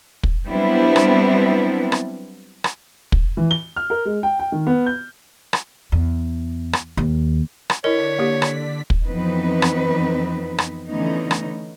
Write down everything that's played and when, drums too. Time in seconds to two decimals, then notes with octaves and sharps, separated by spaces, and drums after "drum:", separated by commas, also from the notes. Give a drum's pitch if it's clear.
0.23 drum: kick
0.48 F#3 G3 B3 C4 D4 E4
0.96 drum: rim click
1.92 drum: rim click
2.64 drum: rim click
3.12 drum: kick
3.37 E3
3.51 G7
3.76 F6
3.90 A#4
4.05 G#3
4.23 G5
4.39 G5
4.52 D#3
4.67 B3
4.86 G6
5.53 drum: rim click
5.92 E2
6.73 drum: rim click
6.97 D#2
7.70 drum: rim click
7.84 D3 D4 E4 A#4 C#5 D#5 B6
8.19 A#3 G4
8.42 drum: rim click
8.90 drum: kick
9.06 F2 E3 B3 C4 D#4 B4
9.62 drum: rim click
10.58 drum: rim click
10.89 D3 E3 A3 B3 C#4 D#4
11.31 drum: rim click